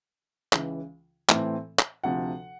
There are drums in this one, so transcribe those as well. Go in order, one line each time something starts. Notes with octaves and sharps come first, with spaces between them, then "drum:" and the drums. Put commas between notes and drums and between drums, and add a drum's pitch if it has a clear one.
C#2 C#3 E3, drum: clap
A2 E3 A3 C4, drum: clap
drum: clap
D2 C3 F3 F#5